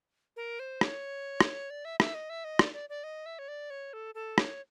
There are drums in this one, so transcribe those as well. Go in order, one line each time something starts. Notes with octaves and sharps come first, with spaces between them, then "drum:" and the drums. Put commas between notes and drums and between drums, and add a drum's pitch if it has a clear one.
A#4
C5
C#5, drum: rim click
drum: rim click
D5
E5
E5, drum: rim click
D#5
E5
D#5
D5, drum: rim click
D5
D5
D#5
E5
C#5
D5
C#5
A4
A4
C#5, drum: rim click